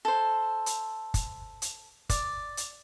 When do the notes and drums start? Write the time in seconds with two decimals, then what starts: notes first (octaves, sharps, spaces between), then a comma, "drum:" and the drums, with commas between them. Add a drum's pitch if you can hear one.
0.05 A4 C5
0.66 drum: hi-hat
1.14 drum: kick, hi-hat
1.62 drum: hi-hat
2.09 D5, drum: kick, hi-hat
2.57 drum: hi-hat